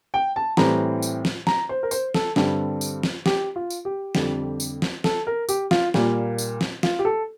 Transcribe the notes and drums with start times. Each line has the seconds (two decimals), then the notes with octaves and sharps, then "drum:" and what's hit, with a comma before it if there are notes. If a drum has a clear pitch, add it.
0.14 G5
0.36 A5
0.57 A2 E3 G3 C4 A#5, drum: snare
1.02 drum: tambourine
1.25 drum: snare
1.47 A#5, drum: snare
1.69 C5
1.83 A#4
1.91 C5, drum: tambourine
2.14 A4, drum: snare
2.36 G2 D3 G3 C4 A4, drum: snare
2.81 drum: tambourine
3.03 drum: snare
3.26 G4, drum: snare
3.56 F4
3.70 drum: tambourine
3.85 G4
4.15 F2 D3 G3, drum: snare
4.60 drum: tambourine
4.82 drum: snare
5.04 A4, drum: snare
5.27 A#4
5.49 G4, drum: tambourine
5.71 F4, drum: snare
5.94 A#2 G3 A#3, drum: snare
6.38 drum: tambourine
6.61 drum: snare
6.83 F4, drum: snare
6.99 G4
7.05 A4